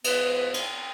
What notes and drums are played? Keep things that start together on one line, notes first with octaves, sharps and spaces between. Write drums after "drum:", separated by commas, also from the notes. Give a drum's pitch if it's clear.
G#2 F3 B3 B4, drum: cymbal
drum: cymbal